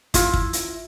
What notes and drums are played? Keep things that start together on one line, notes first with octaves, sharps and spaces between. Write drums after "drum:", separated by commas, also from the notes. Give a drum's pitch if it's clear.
E4 F4, drum: kick, hi-hat
drum: kick
drum: hi-hat